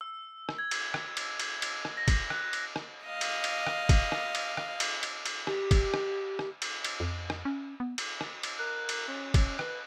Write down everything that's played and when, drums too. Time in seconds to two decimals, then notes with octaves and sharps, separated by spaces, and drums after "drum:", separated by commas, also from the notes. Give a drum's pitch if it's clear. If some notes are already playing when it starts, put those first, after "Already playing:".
0.01 E6
0.49 drum: rim click
0.58 G#6
0.71 drum: cymbal
0.94 drum: rim click
1.17 drum: cymbal
1.39 drum: cymbal
1.62 drum: cymbal
1.85 drum: rim click
1.97 A#6
2.08 drum: kick, cymbal
2.30 F#6, drum: rim click
2.53 drum: cymbal
2.76 drum: rim click
3.04 D#5 F5
3.21 drum: cymbal
3.44 drum: cymbal
3.67 drum: rim click
3.89 drum: kick, cymbal
4.12 drum: rim click
4.35 drum: cymbal
4.57 drum: rim click
4.80 drum: cymbal
5.03 drum: cymbal
5.26 drum: cymbal
5.47 G4, drum: rim click
5.71 drum: kick, cymbal
5.94 drum: rim click
6.39 drum: rim click
6.62 drum: cymbal
6.84 drum: cymbal
7.00 F2
7.30 drum: rim click
7.45 C#4
7.80 B3
7.98 drum: cymbal
8.21 drum: rim click
8.43 drum: cymbal
8.59 A#4 F#6
8.89 drum: cymbal
9.08 C#4
9.34 drum: kick, cymbal
9.59 B4, drum: rim click